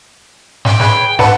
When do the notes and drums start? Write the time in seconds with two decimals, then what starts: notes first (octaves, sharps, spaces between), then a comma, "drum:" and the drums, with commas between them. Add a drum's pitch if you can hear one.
0.65 G5, drum: snare
0.80 G#4 B4 C#5, drum: snare
1.19 A4 B4 F#5 A5, drum: snare